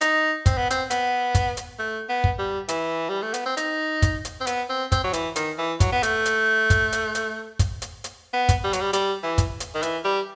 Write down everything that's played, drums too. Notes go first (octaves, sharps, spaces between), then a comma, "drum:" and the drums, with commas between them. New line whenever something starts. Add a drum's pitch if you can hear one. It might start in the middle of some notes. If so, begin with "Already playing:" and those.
D#4, drum: hi-hat
C4, drum: kick, hi-hat
B3
C4, drum: hi-hat
B3, drum: hi-hat
drum: kick, hi-hat
drum: hi-hat
A3
B3
drum: kick
G3
E3, drum: hi-hat
G3
A3
B3, drum: hi-hat
C4
D#4, drum: hi-hat
drum: kick, hi-hat
drum: hi-hat
C4
B3, drum: hi-hat
C4
C4, drum: kick, hi-hat
F#3
E3, drum: hi-hat
D#3, drum: hi-hat
E3
F#3, drum: kick, hi-hat
B3
A3, drum: hi-hat
drum: hi-hat
drum: kick, hi-hat
drum: hi-hat
drum: hi-hat
drum: kick, hi-hat
drum: hi-hat
drum: hi-hat
B3
drum: kick, hi-hat
G3
F#3, drum: hi-hat
G3
G3, drum: hi-hat
E3
drum: kick, hi-hat
drum: hi-hat
D#3
E3, drum: hi-hat
G3